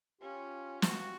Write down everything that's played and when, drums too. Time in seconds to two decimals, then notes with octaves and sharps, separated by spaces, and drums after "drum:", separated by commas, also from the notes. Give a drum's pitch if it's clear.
0.21 C#4 F4 G4
0.82 F#4, drum: snare